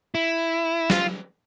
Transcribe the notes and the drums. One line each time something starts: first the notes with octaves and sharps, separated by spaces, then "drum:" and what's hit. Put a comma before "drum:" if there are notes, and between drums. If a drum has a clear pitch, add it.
E4
F4, drum: snare